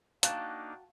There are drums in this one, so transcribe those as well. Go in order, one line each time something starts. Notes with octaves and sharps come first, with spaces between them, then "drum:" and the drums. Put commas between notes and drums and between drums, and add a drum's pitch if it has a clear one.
A#3 D4 D#4 F#4 F5 G5 A5, drum: hi-hat